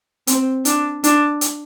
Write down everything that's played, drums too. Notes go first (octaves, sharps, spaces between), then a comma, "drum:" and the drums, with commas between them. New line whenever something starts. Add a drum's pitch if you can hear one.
C4, drum: hi-hat
D4, drum: hi-hat
D4, drum: hi-hat
drum: hi-hat